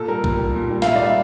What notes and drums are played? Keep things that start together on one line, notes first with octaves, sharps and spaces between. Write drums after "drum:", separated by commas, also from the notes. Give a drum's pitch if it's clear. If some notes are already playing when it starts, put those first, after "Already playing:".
Already playing: A#2 A4
G3 A#4
A#2, drum: kick
G3
A#2
G3
F5, drum: snare
A#2 E5
D5
G3
E5